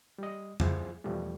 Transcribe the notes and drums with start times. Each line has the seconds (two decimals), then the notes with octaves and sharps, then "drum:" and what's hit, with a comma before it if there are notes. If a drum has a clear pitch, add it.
0.18 G3 D#5
0.60 F3 E4 G#4 C5, drum: tom F2
1.04 E2 B2 F3 G3 A3